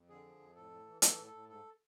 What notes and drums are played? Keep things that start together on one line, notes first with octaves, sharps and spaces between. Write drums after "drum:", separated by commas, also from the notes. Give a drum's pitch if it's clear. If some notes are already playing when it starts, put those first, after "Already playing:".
Already playing: F2
D3 G#4
F3
F2
A2 A4
A2
E3
E3 A4, drum: hi-hat
A2
A4
A2
G#2 A4